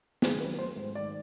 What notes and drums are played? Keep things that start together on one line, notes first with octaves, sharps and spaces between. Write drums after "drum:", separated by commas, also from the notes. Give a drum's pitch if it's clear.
D#3 G#4, drum: snare
F#3 B4
A3 C5
G#2
D#3 D5